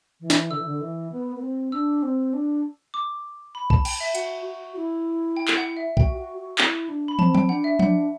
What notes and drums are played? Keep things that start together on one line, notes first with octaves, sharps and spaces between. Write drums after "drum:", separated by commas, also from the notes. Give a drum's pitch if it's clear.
E3
drum: snare
D3 E6
E3
D3
E3
B3
B3
C4
D4 E6
C4
D4
D6
B5
A5, drum: kick B1
G5, drum: cymbal
E5
F#4 F#5, drum: hi-hat
F#4
E4
G5
G5, drum: clap
F#5
E5
F#4 G5, drum: kick B1
F#4
F#4
E4, drum: clap
D4
B5
C4 A5, drum: tom
G5, drum: tom F3
D4 F#5
E5
D4 F#5, drum: tom F3